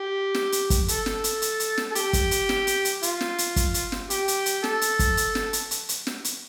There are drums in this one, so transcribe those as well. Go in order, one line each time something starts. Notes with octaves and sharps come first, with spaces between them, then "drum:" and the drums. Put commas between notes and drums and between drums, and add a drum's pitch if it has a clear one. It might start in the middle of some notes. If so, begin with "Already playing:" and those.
Already playing: G4
drum: snare
drum: hi-hat
drum: kick, hi-hat
A4, drum: hi-hat
drum: snare
drum: hi-hat
drum: hi-hat
drum: hi-hat
drum: snare
A4
G4, drum: hi-hat
drum: kick, hi-hat
drum: hi-hat
drum: snare
drum: hi-hat
drum: hi-hat
F4, drum: hi-hat
drum: snare
drum: hi-hat
drum: kick, hi-hat
drum: hi-hat
drum: snare
G4, drum: hi-hat
drum: hi-hat
drum: hi-hat
A4, drum: snare
drum: hi-hat
drum: kick, hi-hat
drum: hi-hat
drum: snare
drum: hi-hat
drum: hi-hat
drum: hi-hat
drum: snare
drum: hi-hat